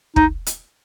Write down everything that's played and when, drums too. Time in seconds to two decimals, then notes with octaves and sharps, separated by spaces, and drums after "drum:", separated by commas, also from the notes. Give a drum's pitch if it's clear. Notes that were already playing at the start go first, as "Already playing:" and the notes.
0.16 D#4, drum: kick
0.46 drum: hi-hat